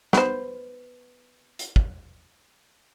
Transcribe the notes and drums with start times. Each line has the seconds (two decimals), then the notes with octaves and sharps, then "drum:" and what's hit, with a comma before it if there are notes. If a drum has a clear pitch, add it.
0.13 B3 C5, drum: snare
1.59 drum: hi-hat
1.76 drum: kick